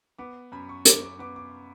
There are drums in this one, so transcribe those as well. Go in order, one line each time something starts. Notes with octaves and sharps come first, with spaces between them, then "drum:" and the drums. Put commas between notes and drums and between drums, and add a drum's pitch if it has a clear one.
B3 D6
F#2 B5
C#6
F#2 D6, drum: hi-hat
D6
B3 D6
D6